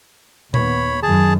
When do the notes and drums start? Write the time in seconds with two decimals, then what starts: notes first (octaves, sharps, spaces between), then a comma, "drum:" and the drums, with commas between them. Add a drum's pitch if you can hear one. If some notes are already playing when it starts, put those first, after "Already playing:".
0.54 D#2 B3 C#5 B5, drum: tom A#2
1.03 F#2 D#3 G#4 A5